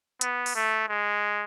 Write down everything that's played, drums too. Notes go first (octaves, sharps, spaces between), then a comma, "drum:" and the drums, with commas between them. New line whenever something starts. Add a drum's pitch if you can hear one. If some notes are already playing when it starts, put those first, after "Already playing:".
B3, drum: hi-hat
drum: open hi-hat
A3
G#3